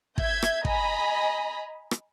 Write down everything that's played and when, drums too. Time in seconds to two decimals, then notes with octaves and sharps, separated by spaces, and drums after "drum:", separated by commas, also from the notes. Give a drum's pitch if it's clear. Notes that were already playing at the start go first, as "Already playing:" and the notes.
0.18 E5 G6 G#6, drum: kick
0.42 drum: rim click
0.65 D#5 G#5 A#5 B5, drum: kick
1.91 drum: rim click